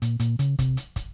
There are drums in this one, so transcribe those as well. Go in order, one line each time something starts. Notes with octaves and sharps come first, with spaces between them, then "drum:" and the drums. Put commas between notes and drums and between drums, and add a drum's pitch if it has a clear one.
A#2, drum: hi-hat
A#2, drum: hi-hat
C#3, drum: hi-hat
C3, drum: kick, hi-hat
drum: hi-hat
drum: kick, hi-hat